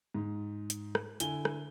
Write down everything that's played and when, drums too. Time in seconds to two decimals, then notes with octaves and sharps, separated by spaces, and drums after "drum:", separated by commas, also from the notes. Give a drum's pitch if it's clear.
0.14 G#2
0.70 drum: hi-hat
0.95 drum: rim click
1.20 D3 E4 G#5 G7, drum: hi-hat
1.45 drum: rim click